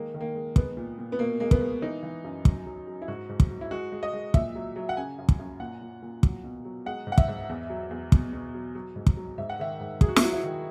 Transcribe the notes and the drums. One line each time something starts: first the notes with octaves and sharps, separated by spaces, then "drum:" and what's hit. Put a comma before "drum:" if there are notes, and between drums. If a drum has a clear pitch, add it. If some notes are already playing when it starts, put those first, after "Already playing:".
Already playing: D#3 G#3 A#3
D#3
A#3
G#3
G#3 B3, drum: kick
A#2
A#2
B3
B2 A#3
G#3 A#3
B3, drum: kick
G#3
E3 D#4
E3
F#2
F#3, drum: kick
F#3
F#3
E4
G#2 F#4
G#2
drum: kick
F#3
E4
G#3 F#4
G#3
D#5
G#3
A#2 E5, drum: kick
F#3
F#3
F#5
C#3 G#5
F#2
drum: kick
F#2
A#2 F#5
A#2
A#2
F#3, drum: kick
B2
F#3
G#3 F#5
G#2
F#5
E5, drum: kick
G#2
E2
F#3
E2
B2, drum: kick
B2
F#3
F#3
G#2
drum: kick
F#3
G#2 E5
F#5
D#3 E5
G#2
F#3 G#4, drum: kick
F#4
E4, drum: snare
F#3 F#4
E4
D#3